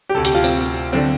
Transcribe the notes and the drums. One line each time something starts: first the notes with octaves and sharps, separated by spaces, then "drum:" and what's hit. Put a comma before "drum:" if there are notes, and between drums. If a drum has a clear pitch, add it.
G4
D2 C3 A4
G4, drum: hi-hat
F4
C4, drum: tambourine
D3 C4